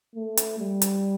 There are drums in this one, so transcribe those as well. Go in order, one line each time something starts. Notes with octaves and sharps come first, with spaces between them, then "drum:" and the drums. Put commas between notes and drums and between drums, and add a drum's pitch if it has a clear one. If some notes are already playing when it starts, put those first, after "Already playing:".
A3
drum: hi-hat
G3
drum: hi-hat